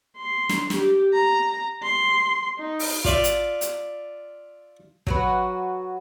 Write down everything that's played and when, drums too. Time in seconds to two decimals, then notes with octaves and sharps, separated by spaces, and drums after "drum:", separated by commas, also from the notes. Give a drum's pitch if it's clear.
0.17 C6
0.49 drum: snare
0.70 G4, drum: snare
1.13 A#5
1.83 C6
2.58 D#4
2.79 drum: open hi-hat
3.05 F4 D5 E5, drum: kick
3.24 drum: hi-hat
3.61 drum: hi-hat
5.07 F#3 F#4 B4, drum: kick